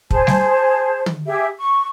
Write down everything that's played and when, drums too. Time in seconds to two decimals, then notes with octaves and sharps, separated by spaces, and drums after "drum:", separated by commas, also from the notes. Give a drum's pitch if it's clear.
0.11 G#4 C5 A5, drum: kick
0.27 drum: snare
1.06 drum: tom
1.25 G4 G#4 E5
1.58 C#6